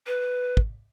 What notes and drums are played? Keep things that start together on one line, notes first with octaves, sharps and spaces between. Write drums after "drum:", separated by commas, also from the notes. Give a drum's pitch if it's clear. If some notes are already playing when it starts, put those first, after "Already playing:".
B4
drum: kick